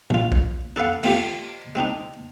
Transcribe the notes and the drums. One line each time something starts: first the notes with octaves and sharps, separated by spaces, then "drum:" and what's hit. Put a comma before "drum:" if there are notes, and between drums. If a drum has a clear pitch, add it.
A#1 F4, drum: tom A#2
drum: kick
D4 A4 B4 F5 F#5
A3 C4 F4 G4, drum: cymbal
G#3 C4 D4 D#4